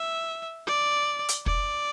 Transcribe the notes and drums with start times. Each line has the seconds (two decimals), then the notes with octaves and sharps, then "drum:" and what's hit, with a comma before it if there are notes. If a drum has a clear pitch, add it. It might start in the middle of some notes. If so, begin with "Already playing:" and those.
Already playing: E5
0.67 D5
1.29 drum: hi-hat
1.46 D5, drum: kick